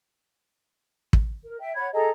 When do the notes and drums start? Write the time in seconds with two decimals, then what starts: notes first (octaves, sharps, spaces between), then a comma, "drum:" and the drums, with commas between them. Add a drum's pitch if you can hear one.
1.13 drum: kick
1.45 A#4
1.59 E5 G5
1.75 C#5 F#5 B5 G#6
1.93 G#4 A4 D#5 A#5